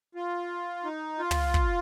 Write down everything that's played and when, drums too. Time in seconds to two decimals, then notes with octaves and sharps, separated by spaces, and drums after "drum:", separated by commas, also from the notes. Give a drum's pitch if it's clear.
0.15 F4
0.85 D#4
1.19 F4
1.31 drum: tom
1.54 drum: kick